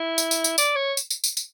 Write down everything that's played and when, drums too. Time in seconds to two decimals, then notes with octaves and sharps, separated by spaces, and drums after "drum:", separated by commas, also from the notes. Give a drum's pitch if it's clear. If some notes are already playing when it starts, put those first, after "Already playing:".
Already playing: E4
0.18 drum: tambourine
0.31 drum: tambourine
0.44 drum: tambourine
0.58 D5, drum: tambourine
0.75 C#5
0.97 drum: tambourine
1.10 drum: tambourine
1.24 drum: tambourine
1.37 drum: tambourine